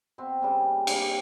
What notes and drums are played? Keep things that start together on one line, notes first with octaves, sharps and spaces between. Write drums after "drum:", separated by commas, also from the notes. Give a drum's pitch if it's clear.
B2 C4
C#3 G3 A#3
C3 G3 A#3, drum: cymbal